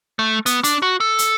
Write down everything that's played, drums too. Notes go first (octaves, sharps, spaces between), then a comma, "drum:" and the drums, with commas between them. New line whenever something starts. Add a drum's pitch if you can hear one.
A3
B3, drum: hi-hat
D4, drum: hi-hat
F#4
A4
drum: hi-hat